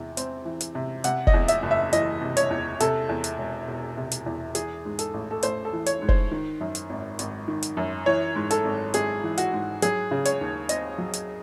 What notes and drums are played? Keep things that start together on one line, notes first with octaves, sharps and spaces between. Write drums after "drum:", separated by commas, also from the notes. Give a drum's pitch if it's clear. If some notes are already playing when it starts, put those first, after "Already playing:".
Already playing: E2 C3
C4, drum: hi-hat
E3
drum: hi-hat
C3
C3 F#5, drum: hi-hat
D#5, drum: kick
E2
E5, drum: hi-hat
F#1
E5
E3 D#5, drum: hi-hat
C3
C#5, drum: hi-hat
E2
C3 A4, drum: hi-hat
E2
drum: hi-hat
E1
E1
C3
drum: hi-hat
E2
E3 G#4, drum: hi-hat
G#2
A4, drum: hi-hat
A1
A4
A1 C5, drum: hi-hat
A4
E3
C#5, drum: hi-hat
G#2
C5, drum: kick
D#3
F#2
drum: hi-hat
G#1
G#1, drum: hi-hat
D#3
drum: hi-hat
F#2
E3 C#5
G#2
A4, drum: hi-hat
G#1
G#1 G#4, drum: hi-hat
E3
F#4, drum: hi-hat
G#2
F#3 G#4, drum: hi-hat
C#3
C#5, drum: hi-hat
D#2
C4 D#5, drum: hi-hat
F#3
drum: hi-hat